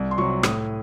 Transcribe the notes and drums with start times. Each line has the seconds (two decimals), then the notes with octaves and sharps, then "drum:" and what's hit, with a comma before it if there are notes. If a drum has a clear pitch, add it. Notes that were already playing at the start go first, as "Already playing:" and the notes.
Already playing: C2
0.11 C6
0.18 C3 F#3 C#6
0.43 A2 D#6, drum: rim click